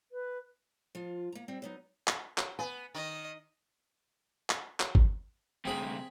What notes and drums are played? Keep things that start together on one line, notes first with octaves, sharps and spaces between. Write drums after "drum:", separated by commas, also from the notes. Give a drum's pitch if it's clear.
B4
F3 F4
A#3 A#5
G3 C4 E4
F#3 B3 D#4
drum: clap
drum: clap
B3 G#5
D#3 D#5
drum: clap
drum: clap
drum: kick G#1
D2 C3 C4 G#4 B5